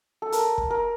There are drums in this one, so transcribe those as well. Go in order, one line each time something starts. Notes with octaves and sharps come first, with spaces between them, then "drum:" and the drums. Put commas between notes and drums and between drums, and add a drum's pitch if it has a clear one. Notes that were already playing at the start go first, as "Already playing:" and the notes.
A4
A#4, drum: hi-hat
drum: kick
A#4